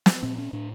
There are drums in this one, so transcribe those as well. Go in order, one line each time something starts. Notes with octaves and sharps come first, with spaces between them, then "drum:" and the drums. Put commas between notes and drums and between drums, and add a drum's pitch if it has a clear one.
drum: snare
A#2 C4
C#4
A2 D4